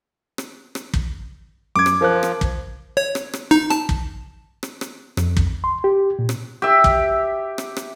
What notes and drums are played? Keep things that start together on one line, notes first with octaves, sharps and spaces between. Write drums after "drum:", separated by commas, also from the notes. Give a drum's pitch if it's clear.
drum: rim click
drum: rim click
drum: kick
F#2 D6 G#6
drum: rim click
F3 A#4 C5 F#6
drum: rim click
drum: kick
C#5
drum: rim click
drum: rim click
D#4
A5, drum: rim click
drum: kick
drum: rim click
drum: rim click
F2, drum: rim click
drum: kick
C6
G4
A#2
drum: rim click
G4 E5
drum: kick
drum: rim click
drum: rim click